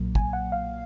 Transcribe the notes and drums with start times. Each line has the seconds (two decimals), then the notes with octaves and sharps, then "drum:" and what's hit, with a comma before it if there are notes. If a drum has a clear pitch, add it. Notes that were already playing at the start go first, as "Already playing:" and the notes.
Already playing: B1 A#2 F#3 A#3
0.15 G#5, drum: kick
0.33 F#5
0.52 F5